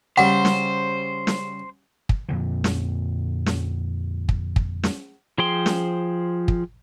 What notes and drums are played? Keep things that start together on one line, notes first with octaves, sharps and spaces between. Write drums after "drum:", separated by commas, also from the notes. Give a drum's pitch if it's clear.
C#3 G3 C5 F#5
drum: snare
drum: snare
drum: kick
F2 A#2 D3 F3
drum: snare
drum: snare
drum: kick
drum: kick
drum: snare
F3 G#4 C5 G5 C6
drum: snare
drum: kick